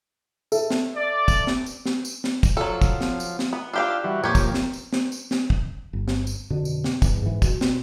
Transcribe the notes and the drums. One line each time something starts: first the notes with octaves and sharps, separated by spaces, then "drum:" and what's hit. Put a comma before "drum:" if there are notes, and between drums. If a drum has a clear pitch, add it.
A4 E5, drum: tambourine
drum: snare
D5
drum: kick, tambourine
drum: snare
drum: tambourine
drum: snare
drum: tambourine
drum: snare
drum: kick, tambourine
F3 F#3 A4
drum: kick, tambourine
drum: snare
drum: tambourine
drum: snare
B3
D4 F4 G4 F5 E6
E3 G3 F#4
F2 A#2 F4 G4 C#5
drum: kick, tambourine
drum: snare
drum: tambourine
drum: snare
drum: tambourine
drum: snare
drum: kick
G1
drum: snare
drum: tambourine
F2 B2 D3
drum: tambourine
drum: snare
G1 E2, drum: kick, tambourine
G#2 E3
B2, drum: kick, tambourine
drum: snare